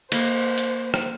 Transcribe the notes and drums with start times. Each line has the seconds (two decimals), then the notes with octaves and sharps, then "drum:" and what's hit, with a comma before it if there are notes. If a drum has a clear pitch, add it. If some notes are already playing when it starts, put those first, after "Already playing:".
0.12 A#3 C5, drum: cymbal
0.58 drum: hi-hat
0.94 drum: rim click